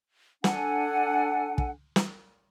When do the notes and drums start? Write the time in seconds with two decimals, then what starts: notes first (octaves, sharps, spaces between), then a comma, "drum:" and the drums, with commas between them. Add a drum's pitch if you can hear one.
0.44 D4 A4 F#5 G#5, drum: snare
1.58 drum: kick
1.96 drum: snare